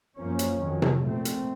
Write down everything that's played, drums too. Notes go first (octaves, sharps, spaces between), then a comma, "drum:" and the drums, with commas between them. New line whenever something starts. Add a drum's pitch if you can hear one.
F#2 F3 A#3 C#4
drum: hi-hat
F2 D#3 F#3
drum: tom C3
A#2 A3 C4
drum: hi-hat